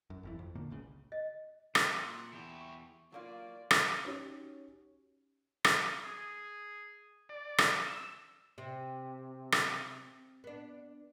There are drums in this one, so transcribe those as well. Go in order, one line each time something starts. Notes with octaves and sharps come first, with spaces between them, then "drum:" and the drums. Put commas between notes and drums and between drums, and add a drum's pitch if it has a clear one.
F#2
G1 F2 E3
F2
A#2 D3 A3 A#3
F#1 C#2 C#3
D#5
F2 A3 G5, drum: rim click
A#2 F#5 C6 E6 A#6
E2 E4 G4
C#6
F#3 A#3 F4 D5
drum: rim click
C#4 D#4 F#4 G4 C#5
drum: rim click
G#4
D5
drum: rim click
E6
C3
drum: rim click
B3 D4